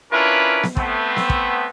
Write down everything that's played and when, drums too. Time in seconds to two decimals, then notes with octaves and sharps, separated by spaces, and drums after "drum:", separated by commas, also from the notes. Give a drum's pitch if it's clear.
0.12 C#4 D4 E4 F4 A#4 B4
0.63 drum: snare B3
0.77 A3 B3 C4, drum: kick
1.16 drum: snare B3
1.30 drum: kick